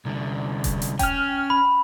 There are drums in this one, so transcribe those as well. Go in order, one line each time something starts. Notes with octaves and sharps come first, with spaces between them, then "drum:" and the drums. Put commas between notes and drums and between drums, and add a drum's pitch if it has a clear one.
C2 D3
drum: kick E1, hi-hat
drum: hi-hat
C#4 G5 F6, drum: kick E1, hi-hat
B5